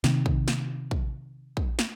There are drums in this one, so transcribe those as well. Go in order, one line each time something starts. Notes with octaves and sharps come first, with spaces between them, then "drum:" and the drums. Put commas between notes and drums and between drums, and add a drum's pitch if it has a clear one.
C3 D#3, drum: snare
drum: kick
drum: snare
drum: kick
drum: kick
drum: snare